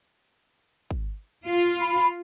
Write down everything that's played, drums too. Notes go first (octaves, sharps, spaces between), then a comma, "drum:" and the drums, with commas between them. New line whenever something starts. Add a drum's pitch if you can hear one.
drum: kick
F4
B5, drum: tambourine